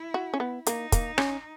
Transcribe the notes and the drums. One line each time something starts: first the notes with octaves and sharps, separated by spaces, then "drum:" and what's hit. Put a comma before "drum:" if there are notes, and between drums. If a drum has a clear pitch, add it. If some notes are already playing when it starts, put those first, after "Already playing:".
Already playing: E4
F#4
C#4
B3
A#3 D#4, drum: hi-hat
A#3, drum: kick, hi-hat
C#4, drum: rim click